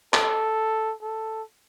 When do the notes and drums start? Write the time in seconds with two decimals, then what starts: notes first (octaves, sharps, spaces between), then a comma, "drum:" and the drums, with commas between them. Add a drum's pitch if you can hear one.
0.14 A4, drum: clap
1.02 A4